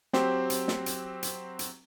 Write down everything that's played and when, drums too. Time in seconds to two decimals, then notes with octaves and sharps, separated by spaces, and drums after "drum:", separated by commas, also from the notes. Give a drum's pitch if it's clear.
0.13 F#3 C4 G4 C5, drum: snare
0.50 drum: hi-hat
0.68 drum: snare
0.86 drum: hi-hat
1.23 drum: hi-hat
1.59 drum: hi-hat